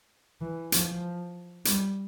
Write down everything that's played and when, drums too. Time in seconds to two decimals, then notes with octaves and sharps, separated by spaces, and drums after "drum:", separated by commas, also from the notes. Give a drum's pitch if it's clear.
0.41 E3
0.72 F3, drum: hi-hat
1.65 G3, drum: hi-hat